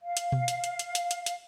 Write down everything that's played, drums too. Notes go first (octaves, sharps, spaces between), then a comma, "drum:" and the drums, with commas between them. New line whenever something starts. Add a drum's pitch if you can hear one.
F5
drum: hi-hat
drum: tom B2
drum: hi-hat
drum: hi-hat
drum: hi-hat
drum: hi-hat
drum: hi-hat
drum: hi-hat